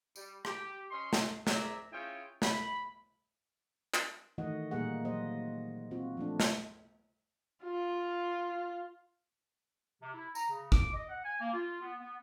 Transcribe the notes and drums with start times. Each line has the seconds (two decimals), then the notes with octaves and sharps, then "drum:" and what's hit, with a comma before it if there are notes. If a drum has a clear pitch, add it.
0.16 G3, drum: tambourine
0.45 G4, drum: rim click
0.91 C#4 D#5 C6
1.13 drum: snare
1.47 C4 G#4 A#4 D5 E5, drum: snare
1.92 C#4 E4 F4 G#4 G5
2.42 B5, drum: snare
3.94 drum: clap
4.38 D#3 E3 A3 F#4 D#5 F#5
4.71 A#2 G3 A#3 D#4 G#4 F#5
5.05 F#3 A#3 C5 D#5
5.91 C4 F4 F#4
6.17 F3 A3 D4
6.40 drum: snare
7.64 F4
10.02 C3
10.15 E4
10.35 A#5, drum: tambourine
10.50 C#3
10.72 D6, drum: kick G#1
10.94 D#5
11.09 F#5
11.24 G#5
11.41 A#3
11.53 F4
11.81 B3
11.99 B3